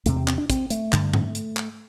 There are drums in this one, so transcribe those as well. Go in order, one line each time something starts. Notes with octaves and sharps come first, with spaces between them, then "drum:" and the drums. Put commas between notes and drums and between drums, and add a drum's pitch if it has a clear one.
E2 C3 A3, drum: hi-hat
C4
C4, drum: clap
D4
C4, drum: kick, hi-hat
A3, drum: hi-hat
G2 D3, drum: clap
drum: tom G#2
drum: hi-hat
drum: clap